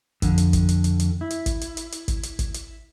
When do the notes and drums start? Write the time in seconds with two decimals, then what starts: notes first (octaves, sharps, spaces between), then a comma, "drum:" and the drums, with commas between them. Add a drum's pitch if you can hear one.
0.22 F2 D3, drum: kick, hi-hat
0.38 drum: hi-hat
0.53 drum: kick, hi-hat
0.69 drum: hi-hat
0.84 drum: hi-hat
1.00 drum: hi-hat
1.21 E4
1.30 drum: hi-hat
1.46 drum: kick, hi-hat
1.61 drum: hi-hat
1.77 drum: hi-hat
1.92 drum: hi-hat
2.08 drum: kick, hi-hat
2.23 drum: hi-hat
2.39 drum: kick, hi-hat
2.54 drum: hi-hat